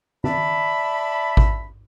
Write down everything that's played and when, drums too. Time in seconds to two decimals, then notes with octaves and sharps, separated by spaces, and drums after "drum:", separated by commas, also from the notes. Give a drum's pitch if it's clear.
0.24 D5 E5 A5 B5, drum: tom D#3
1.37 drum: kick G#1